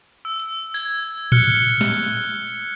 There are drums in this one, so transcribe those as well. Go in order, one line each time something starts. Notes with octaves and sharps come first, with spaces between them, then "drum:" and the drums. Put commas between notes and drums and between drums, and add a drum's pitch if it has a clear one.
E6
drum: hi-hat
G#6, drum: tambourine
F6 F#6 C#7 G7, drum: tom A2
drum: snare